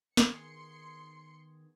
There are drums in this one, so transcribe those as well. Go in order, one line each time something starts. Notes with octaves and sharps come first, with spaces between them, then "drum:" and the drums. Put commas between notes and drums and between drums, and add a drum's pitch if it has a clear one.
D#3 B3 G#4 C6 C#7, drum: snare